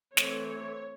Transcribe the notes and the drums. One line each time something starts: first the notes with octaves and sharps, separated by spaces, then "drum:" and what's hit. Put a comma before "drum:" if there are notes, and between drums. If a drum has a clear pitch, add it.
E3 A3 C4 C#5, drum: snare